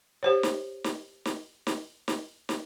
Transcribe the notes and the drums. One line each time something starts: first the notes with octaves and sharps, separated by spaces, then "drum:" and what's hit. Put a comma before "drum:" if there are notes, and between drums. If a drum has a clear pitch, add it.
G4 C5 C#5
drum: snare
drum: snare
drum: snare
drum: snare
drum: snare
drum: snare